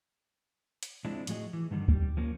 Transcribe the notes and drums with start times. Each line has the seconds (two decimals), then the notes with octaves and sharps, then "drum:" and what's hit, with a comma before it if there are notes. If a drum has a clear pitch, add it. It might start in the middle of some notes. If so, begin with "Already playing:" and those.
0.83 drum: hi-hat
1.05 F3 G#3 C4 D4 E4
1.27 A2 F3 F#4 G#4 D#5, drum: hi-hat
1.53 E3
1.71 G2 D3 D#3 G3
1.88 G3, drum: kick D2
2.17 F3 A#3 C#4